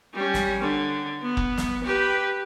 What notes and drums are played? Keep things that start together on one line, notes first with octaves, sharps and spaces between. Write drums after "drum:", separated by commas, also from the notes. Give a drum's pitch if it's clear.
G3 C#4
drum: snare
D3
B3
drum: kick F1
drum: snare
G4 B4